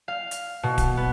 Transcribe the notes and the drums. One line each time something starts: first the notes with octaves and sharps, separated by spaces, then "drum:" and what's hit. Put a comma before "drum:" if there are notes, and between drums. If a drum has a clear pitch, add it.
F5
drum: hi-hat
B2
drum: kick D1, hi-hat
B3